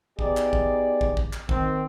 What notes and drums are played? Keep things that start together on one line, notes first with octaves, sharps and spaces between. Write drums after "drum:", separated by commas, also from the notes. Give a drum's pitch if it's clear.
B3 D#4 G4 G#4 D5, drum: kick
drum: clap
drum: kick
drum: kick
drum: kick
drum: clap
D#3 C4, drum: kick